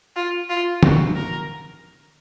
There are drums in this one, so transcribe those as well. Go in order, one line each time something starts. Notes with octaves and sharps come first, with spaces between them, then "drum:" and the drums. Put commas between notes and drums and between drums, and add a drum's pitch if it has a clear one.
F4
F4
F#4, drum: tom
A#4